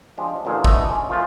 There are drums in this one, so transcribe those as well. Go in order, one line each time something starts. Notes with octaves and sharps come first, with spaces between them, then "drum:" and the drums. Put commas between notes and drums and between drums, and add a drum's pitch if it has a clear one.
F3 G#3 D4 G4
A1 D2 A#2 G#4
D3 E3 A3 D#5 E5, drum: kick
G#3 C#4 D5
A#2 F3 A3 F4